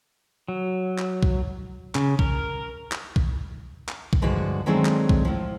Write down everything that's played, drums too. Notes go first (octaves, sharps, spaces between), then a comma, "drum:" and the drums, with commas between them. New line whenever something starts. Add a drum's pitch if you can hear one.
F#3
drum: clap
drum: kick B1
C#3, drum: clap
A#4, drum: kick B1
drum: clap
drum: kick B1
drum: clap
drum: kick B1
G2 D3 F3 G#3 F#4
D#3 F#3 G#3 A3 C4 D4
drum: clap
drum: kick B1
A2 F3